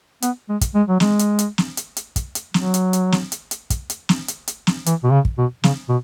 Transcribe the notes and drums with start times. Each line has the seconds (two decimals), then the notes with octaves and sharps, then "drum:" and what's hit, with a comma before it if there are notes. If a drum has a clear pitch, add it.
0.22 B3, drum: hi-hat
0.49 G#3
0.61 drum: kick, hi-hat
0.74 G#3
0.88 F#3
1.00 G#3, drum: snare
1.19 drum: hi-hat
1.39 drum: hi-hat
1.58 drum: snare
1.77 drum: hi-hat
1.97 drum: hi-hat
2.16 drum: kick, hi-hat
2.35 drum: hi-hat
2.54 F#3, drum: snare
2.74 drum: hi-hat
2.93 drum: hi-hat
3.12 drum: snare
3.32 drum: hi-hat
3.51 drum: hi-hat
3.70 drum: kick, hi-hat
3.90 drum: hi-hat
4.09 drum: snare
4.28 drum: hi-hat
4.48 drum: hi-hat
4.67 drum: snare
4.86 E3, drum: hi-hat
5.03 B2
5.11 C#3
5.25 drum: kick
5.38 B2
5.64 C#3, drum: snare
5.89 B2